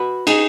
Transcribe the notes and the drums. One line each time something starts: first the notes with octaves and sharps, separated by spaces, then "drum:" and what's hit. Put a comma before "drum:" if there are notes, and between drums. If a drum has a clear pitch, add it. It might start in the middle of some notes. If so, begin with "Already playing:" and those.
Already playing: F#4 B4
D#4 G#4, drum: cymbal